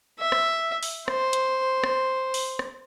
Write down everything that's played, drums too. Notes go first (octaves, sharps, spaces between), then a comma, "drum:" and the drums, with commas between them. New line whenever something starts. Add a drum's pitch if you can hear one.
E5
drum: rim click
drum: open hi-hat
C5, drum: rim click
drum: hi-hat
drum: rim click
drum: open hi-hat
drum: rim click